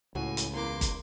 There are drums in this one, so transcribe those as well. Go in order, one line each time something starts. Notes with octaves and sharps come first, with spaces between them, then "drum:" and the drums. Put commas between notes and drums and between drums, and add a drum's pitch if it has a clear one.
C#2 A2 F#4 G#5
drum: hi-hat
E2 A#3 C6 D6
drum: kick, hi-hat